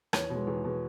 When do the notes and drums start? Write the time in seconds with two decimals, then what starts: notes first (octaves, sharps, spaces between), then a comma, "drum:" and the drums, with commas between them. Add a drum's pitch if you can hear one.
0.13 E2 C#5, drum: rim click
0.30 B2 G#3
0.47 E2 G#4
0.64 B2 G#3